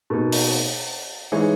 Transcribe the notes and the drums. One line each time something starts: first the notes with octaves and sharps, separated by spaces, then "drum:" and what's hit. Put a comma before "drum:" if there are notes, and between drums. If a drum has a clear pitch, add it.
B2 A#3 D#4
drum: open hi-hat
E3 G#3 D#4 G#4 C#5